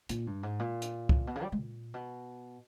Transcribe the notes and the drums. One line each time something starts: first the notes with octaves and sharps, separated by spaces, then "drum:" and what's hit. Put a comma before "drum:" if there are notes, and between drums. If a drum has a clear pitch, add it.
A#2, drum: hi-hat
G2
G#2
A#2
drum: hi-hat
drum: kick C2
B2
C#3
G3
G#3
A#2
B2